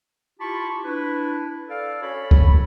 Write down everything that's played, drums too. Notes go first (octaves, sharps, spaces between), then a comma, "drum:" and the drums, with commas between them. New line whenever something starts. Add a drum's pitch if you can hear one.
E4 F4 G4 A5 B5 C#6
D4 E4 B4
A4 D5 F5
C#4 F#4 A4 C#5 B5
drum: kick C#2